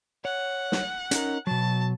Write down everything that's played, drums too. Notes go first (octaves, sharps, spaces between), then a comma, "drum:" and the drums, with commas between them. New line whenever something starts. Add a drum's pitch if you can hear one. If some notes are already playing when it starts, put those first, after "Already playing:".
C#5 F#5
drum: snare
C#4 D#4 A#4, drum: hi-hat
B2 F#3 A5